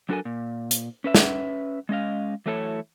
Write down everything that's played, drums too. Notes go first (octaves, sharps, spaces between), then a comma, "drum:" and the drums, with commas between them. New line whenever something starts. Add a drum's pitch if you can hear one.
F#3 D4 F#4 A4 A#4 G#5
A#2
drum: hi-hat
C#4 B4 E5
drum: snare
G#3 C#4 D#5 F5
E3 F#3 A3 E4 A4 C#5